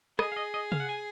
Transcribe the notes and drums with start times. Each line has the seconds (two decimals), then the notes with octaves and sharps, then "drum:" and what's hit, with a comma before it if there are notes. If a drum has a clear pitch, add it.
0.19 G#4 D#5, drum: rim click
0.32 F5
0.36 D#5
0.54 D#5
0.72 F5, drum: tom C3
0.80 F#5
0.89 G#5